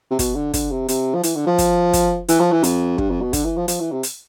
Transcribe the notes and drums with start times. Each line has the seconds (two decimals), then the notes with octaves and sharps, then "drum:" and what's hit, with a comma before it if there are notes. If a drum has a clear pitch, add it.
0.11 C3
0.19 B2, drum: kick, hi-hat
0.35 D3
0.53 D3, drum: kick, hi-hat
0.71 C3
0.88 C3, drum: hi-hat
1.14 F3
1.23 E3, drum: hi-hat
1.35 D3
1.46 F3
1.58 drum: kick, hi-hat
1.93 drum: kick, hi-hat
2.28 E3, drum: hi-hat
2.40 F3
2.52 E3
2.63 F2, drum: hi-hat
2.98 G2, drum: kick
3.10 F2
3.21 B2
3.33 D3, drum: kick, hi-hat
3.45 E3
3.57 F3
3.68 F3, drum: hi-hat
3.80 E3
3.92 C3
4.03 drum: hi-hat